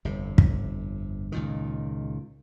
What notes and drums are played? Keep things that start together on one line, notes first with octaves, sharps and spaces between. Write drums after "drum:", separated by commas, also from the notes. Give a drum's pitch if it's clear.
G1 F2 C3
drum: kick
C#2 A#2 D#3